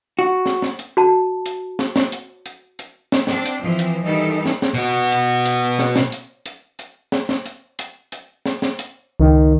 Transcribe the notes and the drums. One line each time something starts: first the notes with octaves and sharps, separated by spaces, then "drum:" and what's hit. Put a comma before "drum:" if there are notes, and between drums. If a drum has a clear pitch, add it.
F#4
drum: snare
drum: snare
drum: hi-hat
F#4 A5
drum: hi-hat
drum: snare
drum: snare
drum: hi-hat
drum: hi-hat
drum: hi-hat
drum: snare
C4 D4, drum: snare
drum: hi-hat
E3 F3 C4
drum: hi-hat
D#3 E3 G3 D#4 A4
drum: snare
drum: snare
B2 F#4
drum: hi-hat
drum: hi-hat
drum: snare
drum: snare
drum: hi-hat
drum: hi-hat
drum: hi-hat
drum: snare
drum: snare
drum: hi-hat
drum: hi-hat
drum: hi-hat
drum: snare
drum: snare
drum: hi-hat
C#2 D#3